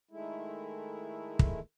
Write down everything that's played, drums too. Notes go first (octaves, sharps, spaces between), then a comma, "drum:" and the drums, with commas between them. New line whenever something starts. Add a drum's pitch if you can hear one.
D#3 G#3 A3 E4
drum: kick